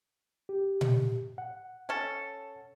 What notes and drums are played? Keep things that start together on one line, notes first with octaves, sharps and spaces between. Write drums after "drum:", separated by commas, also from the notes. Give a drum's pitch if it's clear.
G4
drum: tom A#2
F#5
C#4 A4